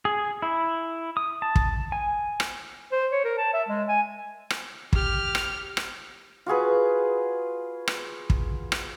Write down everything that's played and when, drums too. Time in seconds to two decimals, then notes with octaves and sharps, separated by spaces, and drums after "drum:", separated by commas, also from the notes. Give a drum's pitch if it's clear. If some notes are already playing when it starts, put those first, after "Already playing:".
0.05 G#4
0.42 E4
1.17 D#6
1.42 A5
1.56 drum: kick
1.92 G#5
2.40 drum: rim click
2.92 C5
3.12 C#5
3.24 A#4
3.38 A5
3.53 E5
3.68 G#3
3.88 G#5
4.50 drum: rim click
4.93 G4 F6, drum: kick
5.35 drum: rim click
5.77 drum: rim click
6.46 F4 F#4 G#4 B4
7.88 drum: rim click
8.30 drum: kick
8.72 drum: rim click